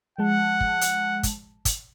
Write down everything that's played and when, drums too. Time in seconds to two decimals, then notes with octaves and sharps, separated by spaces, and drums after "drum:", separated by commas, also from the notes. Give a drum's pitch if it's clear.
0.18 F3 G#3 F#5 A5
0.60 drum: kick
0.81 drum: hi-hat
1.23 drum: kick, hi-hat
1.65 drum: kick, hi-hat